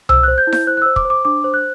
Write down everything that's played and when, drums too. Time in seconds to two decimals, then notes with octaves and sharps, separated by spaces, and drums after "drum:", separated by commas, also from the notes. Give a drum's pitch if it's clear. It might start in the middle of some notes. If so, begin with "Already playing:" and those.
0.09 C5 E6, drum: tom C2
0.23 C5 F#6
0.38 G6
0.47 E4
0.53 G6, drum: snare E4
0.67 C5 F#6
0.77 F#6
0.82 C5 E6
0.96 D6, drum: kick
1.05 C5
1.10 D6
1.25 D4 D6
1.44 C5
1.54 F#6